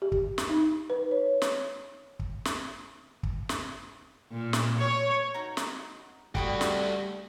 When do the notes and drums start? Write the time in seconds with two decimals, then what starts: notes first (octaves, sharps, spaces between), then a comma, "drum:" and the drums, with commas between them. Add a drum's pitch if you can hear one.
0.02 G4
0.12 drum: kick
0.38 drum: snare
0.50 D#4
0.90 B4
1.11 C#5
1.42 drum: snare
2.19 drum: kick
2.45 drum: snare
3.23 drum: kick
3.49 drum: snare
4.31 A#2
4.53 drum: snare
4.79 C#5
5.34 D#4 F#4 A#5
5.57 drum: snare
6.35 G3 A3 F#4 G5 B5 D#6, drum: kick
6.61 drum: snare